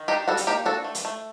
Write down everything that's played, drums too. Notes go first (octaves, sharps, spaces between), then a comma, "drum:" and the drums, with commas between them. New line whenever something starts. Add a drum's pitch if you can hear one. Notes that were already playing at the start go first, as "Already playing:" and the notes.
Already playing: D#3
D4 D#4 G4
G3 F#4 A4
drum: hi-hat
A#3 D#4 G4
D4 F#4 A4
A3
drum: hi-hat
A3